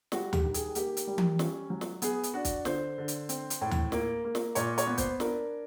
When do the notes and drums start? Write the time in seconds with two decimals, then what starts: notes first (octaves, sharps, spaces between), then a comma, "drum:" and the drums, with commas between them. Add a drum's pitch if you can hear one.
0.12 G3 F#4, drum: snare
0.33 G4, drum: tom D2
0.44 D#3
0.54 G#4, drum: hi-hat
0.75 A#3 G4, drum: hi-hat
0.97 drum: hi-hat
1.07 G3
1.18 drum: tom E3
1.39 C#4, drum: snare
1.70 F#3
1.81 drum: snare
2.02 B3 G#4, drum: hi-hat
2.23 drum: hi-hat
2.34 D4 F#4
2.45 drum: kick B1, hi-hat
2.65 D3 C5, drum: snare
2.98 D3
3.08 drum: hi-hat
3.29 C4, drum: hi-hat
3.50 drum: hi-hat
3.61 A2
3.71 drum: tom D2
3.92 A#3, drum: snare
4.24 A#3
4.35 drum: snare
4.55 A#2 C#5, drum: hi-hat
4.78 C#5, drum: hi-hat
4.87 B3
4.98 C5, drum: kick B1, hi-hat
5.20 D4 A#4, drum: snare